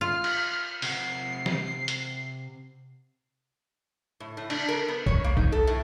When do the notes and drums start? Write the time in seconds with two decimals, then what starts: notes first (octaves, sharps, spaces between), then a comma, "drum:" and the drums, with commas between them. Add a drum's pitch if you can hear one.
0.01 F4 F6
0.24 drum: cymbal
0.82 C3 F#5 C7, drum: open hi-hat
1.46 drum: snare
1.88 drum: hi-hat
4.20 A2
4.37 A2
4.50 D4, drum: cymbal
4.68 A#4
4.88 B3
5.06 C#5, drum: kick B1
5.24 A#3
5.37 D#4, drum: kick B1
5.52 A4
5.67 A2